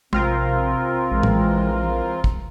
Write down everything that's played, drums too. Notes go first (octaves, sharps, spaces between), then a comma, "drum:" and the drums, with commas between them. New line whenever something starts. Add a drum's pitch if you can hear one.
A#1 C3 C4 F4 A#4, drum: tom
A#1 E3 G#3
drum: tom A2
drum: kick